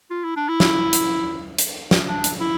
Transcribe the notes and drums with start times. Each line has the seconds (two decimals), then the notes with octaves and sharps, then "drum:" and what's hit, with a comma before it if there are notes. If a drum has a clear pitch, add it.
0.11 F4
0.24 E4
0.36 D4
0.49 E4
0.60 drum: snare
0.93 drum: hi-hat
1.58 drum: hi-hat
1.91 drum: snare
2.07 D4
2.24 drum: hi-hat
2.41 E4